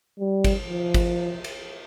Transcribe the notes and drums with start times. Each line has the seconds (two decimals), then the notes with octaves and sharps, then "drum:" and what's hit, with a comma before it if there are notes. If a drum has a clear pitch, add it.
0.19 G3
0.44 drum: kick, cymbal
0.69 F3
0.94 drum: kick, cymbal
1.44 drum: cymbal